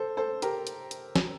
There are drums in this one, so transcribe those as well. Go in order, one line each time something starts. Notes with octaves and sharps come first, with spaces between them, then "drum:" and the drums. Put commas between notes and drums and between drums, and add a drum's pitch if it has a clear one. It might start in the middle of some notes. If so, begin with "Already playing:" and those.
Already playing: A4 C5
A4 C5
G4 A#4, drum: hi-hat
drum: hi-hat
drum: hi-hat
drum: snare